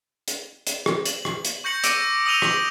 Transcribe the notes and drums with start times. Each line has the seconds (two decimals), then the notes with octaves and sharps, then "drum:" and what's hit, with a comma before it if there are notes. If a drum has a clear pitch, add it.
0.28 drum: hi-hat
0.67 drum: hi-hat
0.86 drum: rim click
1.06 F#7, drum: hi-hat
1.25 drum: rim click
1.45 drum: hi-hat
1.64 C#6 G6 A#6 C#7 F#7
1.84 D6 E6 A#6 D7 D#7, drum: hi-hat
2.26 D#6 E6 D#7 F7 G7
2.42 drum: rim click